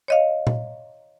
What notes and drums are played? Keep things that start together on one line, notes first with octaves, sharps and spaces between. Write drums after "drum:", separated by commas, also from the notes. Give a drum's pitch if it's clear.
C#5 D#5 F5
drum: tom A#2